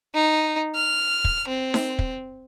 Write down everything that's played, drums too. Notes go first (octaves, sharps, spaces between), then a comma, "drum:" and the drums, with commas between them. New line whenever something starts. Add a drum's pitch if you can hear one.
D#4
F6
drum: kick
C4
drum: snare D#4
drum: kick